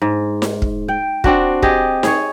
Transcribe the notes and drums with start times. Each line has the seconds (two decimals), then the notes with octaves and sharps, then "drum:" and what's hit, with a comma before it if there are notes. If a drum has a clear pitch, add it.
0.02 G#2
0.42 drum: snare D#4
0.62 drum: kick
0.88 G5
1.24 C4 D4 F#4, drum: kick
1.63 G4 G#4 D#5, drum: kick
2.03 G#4 C#5, drum: snare D#4